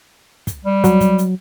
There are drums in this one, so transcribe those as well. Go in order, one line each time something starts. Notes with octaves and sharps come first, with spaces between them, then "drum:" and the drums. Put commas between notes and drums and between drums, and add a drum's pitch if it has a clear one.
drum: kick, hi-hat
G3
F#3, drum: kick, hi-hat
drum: kick, hi-hat
drum: hi-hat